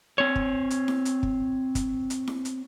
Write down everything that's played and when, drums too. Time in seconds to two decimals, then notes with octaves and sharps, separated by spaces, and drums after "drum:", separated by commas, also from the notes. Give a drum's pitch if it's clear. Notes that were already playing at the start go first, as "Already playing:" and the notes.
0.18 C4 C#5
0.36 drum: kick
0.70 drum: hi-hat
0.88 drum: snare E4
1.05 drum: hi-hat
1.23 drum: kick
1.75 drum: kick, hi-hat
2.10 drum: hi-hat
2.27 drum: snare E4
2.45 drum: hi-hat